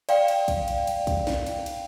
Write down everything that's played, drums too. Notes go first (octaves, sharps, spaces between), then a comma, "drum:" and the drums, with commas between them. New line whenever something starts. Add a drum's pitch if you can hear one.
D5 F5 G5, drum: cymbal
drum: cymbal
drum: kick, cymbal
drum: cymbal
drum: cymbal
drum: kick, cymbal
drum: snare
drum: cymbal
drum: cymbal